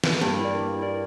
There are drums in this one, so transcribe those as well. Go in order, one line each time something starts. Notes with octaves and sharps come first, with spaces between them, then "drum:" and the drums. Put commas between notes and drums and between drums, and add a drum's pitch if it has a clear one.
drum: snare
G2 A#3
E4 A#4 D5
A#3
E4 A#4 D5